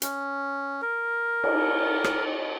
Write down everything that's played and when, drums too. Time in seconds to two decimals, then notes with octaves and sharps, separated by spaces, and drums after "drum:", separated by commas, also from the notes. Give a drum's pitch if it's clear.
0.02 C#4, drum: hi-hat
0.82 A#4
1.44 drum: cymbal
2.04 drum: rim click